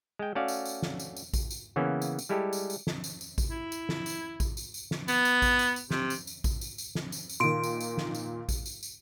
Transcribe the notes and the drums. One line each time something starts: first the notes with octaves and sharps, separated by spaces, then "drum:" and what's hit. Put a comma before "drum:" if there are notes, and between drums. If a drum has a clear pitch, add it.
G#3 G5
A3 C#4 F#4 D5 F5
drum: tambourine
drum: tambourine
drum: snare
drum: tambourine
drum: tambourine
drum: kick A1, tambourine
drum: tambourine
C#3 E3 A#3 B3 C#4
drum: tambourine
drum: tambourine
G3 G#3 E4 G4 A4
drum: tambourine
drum: tambourine
drum: snare
drum: tambourine
drum: tambourine
drum: kick A1, tambourine
E4
drum: tambourine
drum: snare
drum: tambourine
drum: kick A1, tambourine
drum: tambourine
drum: tambourine
drum: snare
B3, drum: tambourine
drum: tambourine
drum: kick A1, tambourine
drum: tambourine
drum: tambourine
C3, drum: snare
drum: tambourine
drum: tambourine
drum: kick A1, tambourine
drum: tambourine
drum: tambourine
drum: snare
drum: tambourine
drum: tambourine
A#2 D#3 C6 D7
drum: tambourine
drum: tambourine
drum: snare
drum: tambourine
drum: kick A1, tambourine
drum: tambourine
drum: tambourine